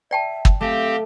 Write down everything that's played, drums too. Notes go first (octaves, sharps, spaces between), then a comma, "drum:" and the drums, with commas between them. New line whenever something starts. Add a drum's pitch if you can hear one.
D5 E5 G5 A5
drum: kick
A3 C4 G4 F5